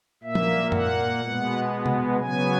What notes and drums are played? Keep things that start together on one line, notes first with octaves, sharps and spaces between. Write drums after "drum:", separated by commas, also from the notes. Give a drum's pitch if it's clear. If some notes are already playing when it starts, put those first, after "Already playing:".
A#2 A#3 E5
drum: tom F3
F#5, drum: tom F#2
B2 G#3 B3
drum: tom
C#3 F#3 B3 G#5